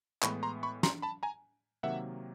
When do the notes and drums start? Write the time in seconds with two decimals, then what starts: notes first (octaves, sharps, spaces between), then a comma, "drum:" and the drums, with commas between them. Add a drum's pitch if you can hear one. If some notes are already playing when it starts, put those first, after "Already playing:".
0.23 A2 E3 G#3 B3 B5 C#6, drum: clap
0.43 A#5 C6
0.63 B5 C#6
0.83 A#5 C6, drum: snare
1.02 A5 B5
1.23 G#5 A#5
1.83 C3 D#3 F#3 A#3 E5 F#5